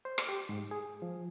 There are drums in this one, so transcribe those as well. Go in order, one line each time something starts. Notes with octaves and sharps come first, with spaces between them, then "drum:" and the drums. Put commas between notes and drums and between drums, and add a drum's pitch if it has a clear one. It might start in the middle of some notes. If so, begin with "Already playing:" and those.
C5
drum: rim click
G4
G#2
G#4
F3